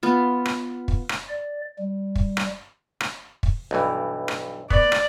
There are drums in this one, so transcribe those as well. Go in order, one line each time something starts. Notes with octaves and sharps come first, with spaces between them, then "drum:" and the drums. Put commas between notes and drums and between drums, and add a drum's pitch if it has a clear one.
B3 F4
drum: rim click
drum: kick
drum: rim click
D5
G3
drum: kick
drum: rim click
drum: rim click
drum: kick
B1 G2 E3
drum: rim click
B3 D5, drum: kick
drum: rim click